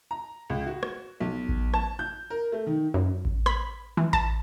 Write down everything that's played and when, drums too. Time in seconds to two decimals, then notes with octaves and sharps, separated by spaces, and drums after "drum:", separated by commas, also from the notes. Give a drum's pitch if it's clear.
0.11 A#5
0.50 C#2
0.66 F#4
0.83 drum: rim click
1.20 B1
1.49 drum: kick A1
1.74 A5, drum: rim click
1.99 G6
2.30 A#4
2.52 A3
2.67 D#3
2.94 F#2
3.25 drum: kick A1
3.46 B5, drum: rim click
3.97 E3
4.13 A5, drum: kick A1